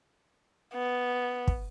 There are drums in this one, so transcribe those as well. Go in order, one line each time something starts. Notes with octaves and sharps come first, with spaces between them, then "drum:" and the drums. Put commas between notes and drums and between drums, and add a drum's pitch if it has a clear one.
B3
drum: kick